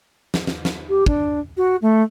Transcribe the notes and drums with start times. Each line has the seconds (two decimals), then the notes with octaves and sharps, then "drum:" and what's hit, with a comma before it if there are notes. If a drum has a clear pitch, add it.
0.34 drum: snare
0.47 drum: snare
0.65 drum: snare
0.89 G4
1.06 D4, drum: kick
1.57 F#4
1.81 A3